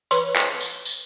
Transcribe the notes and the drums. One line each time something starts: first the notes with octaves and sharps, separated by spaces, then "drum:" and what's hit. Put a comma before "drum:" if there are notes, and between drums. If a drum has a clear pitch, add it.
B4 C#5 C6, drum: tambourine
drum: clap
drum: tambourine
drum: tambourine